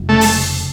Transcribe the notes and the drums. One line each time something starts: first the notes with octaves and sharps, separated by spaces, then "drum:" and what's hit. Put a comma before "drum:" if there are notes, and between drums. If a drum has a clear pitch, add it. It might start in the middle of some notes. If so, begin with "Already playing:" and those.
Already playing: F1 F#3
C#3 A3
drum: open hi-hat